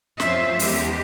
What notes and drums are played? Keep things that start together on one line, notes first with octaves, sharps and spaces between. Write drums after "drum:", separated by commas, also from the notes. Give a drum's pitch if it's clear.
F2 C#4 F4 C5 E5, drum: snare
E2 G#3 G4, drum: open hi-hat